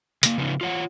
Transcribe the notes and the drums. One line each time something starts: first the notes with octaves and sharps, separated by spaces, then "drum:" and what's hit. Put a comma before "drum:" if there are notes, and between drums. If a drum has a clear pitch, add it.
C#3 A#3, drum: hi-hat
C#3 F3 B3 D#4
F4 C#5 F#5